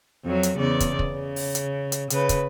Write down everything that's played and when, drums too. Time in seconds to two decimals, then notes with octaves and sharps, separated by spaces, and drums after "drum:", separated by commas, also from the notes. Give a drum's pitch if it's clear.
0.25 F2 F#3 F#4
0.43 drum: hi-hat
0.57 E2 C#3 D5
0.80 drum: kick, hi-hat
0.99 drum: kick
1.13 C#3
1.36 drum: open hi-hat
1.55 drum: hi-hat
1.92 drum: hi-hat
2.10 C#3 B4, drum: hi-hat
2.29 drum: kick, hi-hat